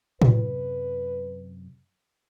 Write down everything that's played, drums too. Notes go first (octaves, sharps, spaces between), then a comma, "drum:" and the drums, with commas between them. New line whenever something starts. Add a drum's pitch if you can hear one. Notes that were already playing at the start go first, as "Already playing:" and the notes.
F#2 C3 B4, drum: tom A2